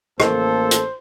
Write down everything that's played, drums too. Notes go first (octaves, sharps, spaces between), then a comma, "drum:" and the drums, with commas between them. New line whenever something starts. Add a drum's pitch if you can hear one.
A1 A#3 A4 C5, drum: rim click
drum: hi-hat